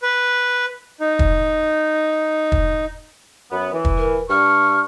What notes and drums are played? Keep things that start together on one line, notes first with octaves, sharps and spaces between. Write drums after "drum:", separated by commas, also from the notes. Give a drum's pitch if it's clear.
B4
D#4
drum: kick
drum: kick
F#2 B3
E3
drum: kick
A#4
G2 C#6 F6